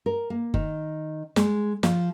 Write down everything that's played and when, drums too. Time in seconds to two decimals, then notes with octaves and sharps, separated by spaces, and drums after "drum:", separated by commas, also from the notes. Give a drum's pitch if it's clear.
0.06 A#4
0.30 A#3
0.54 D#3, drum: kick F#1
1.36 G#3, drum: snare
1.83 F3, drum: snare